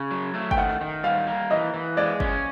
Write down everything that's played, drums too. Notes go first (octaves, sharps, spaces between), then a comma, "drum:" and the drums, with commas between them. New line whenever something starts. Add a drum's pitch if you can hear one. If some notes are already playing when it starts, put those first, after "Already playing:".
Already playing: C#3
F#3
A3
G5, drum: kick
D#3 F#5
D#3
G3 F5
A#3
E3 D#5
E3
G#3 D5
C#4, drum: kick